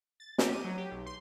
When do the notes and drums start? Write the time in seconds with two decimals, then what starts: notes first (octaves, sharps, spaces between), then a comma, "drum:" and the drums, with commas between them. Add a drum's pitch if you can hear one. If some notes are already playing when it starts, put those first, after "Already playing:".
0.20 A6
0.38 G4, drum: snare
0.52 D#7
0.64 F#3
0.78 G4
0.91 B1
1.06 C6